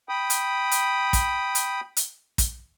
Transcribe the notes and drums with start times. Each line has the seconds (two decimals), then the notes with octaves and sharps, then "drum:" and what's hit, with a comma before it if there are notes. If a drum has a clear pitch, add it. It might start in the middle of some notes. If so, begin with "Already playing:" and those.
0.09 G5 B5 D#6
0.30 drum: hi-hat
0.71 drum: hi-hat
1.13 drum: kick, hi-hat
1.55 drum: hi-hat
1.97 drum: hi-hat
2.38 drum: kick, hi-hat